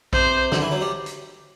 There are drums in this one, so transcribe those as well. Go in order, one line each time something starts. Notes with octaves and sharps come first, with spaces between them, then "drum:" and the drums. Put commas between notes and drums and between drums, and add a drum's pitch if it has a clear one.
C3 C5, drum: kick A#1
D3, drum: snare
E3
F#3
G3
drum: hi-hat